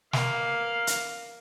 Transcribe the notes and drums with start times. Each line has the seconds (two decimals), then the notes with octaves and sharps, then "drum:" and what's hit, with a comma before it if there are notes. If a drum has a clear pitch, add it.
0.13 A#3 F5, drum: snare
0.87 drum: hi-hat